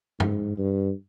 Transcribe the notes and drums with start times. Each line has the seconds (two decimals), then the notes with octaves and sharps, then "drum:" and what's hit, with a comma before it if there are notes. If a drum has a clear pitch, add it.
0.20 G#2, drum: tom
0.58 G2